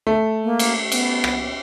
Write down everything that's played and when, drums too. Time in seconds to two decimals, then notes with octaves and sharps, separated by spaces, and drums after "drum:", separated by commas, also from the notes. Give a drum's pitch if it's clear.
0.07 A3
0.44 A#3
0.59 drum: cymbal
0.92 B3, drum: cymbal
1.24 drum: rim click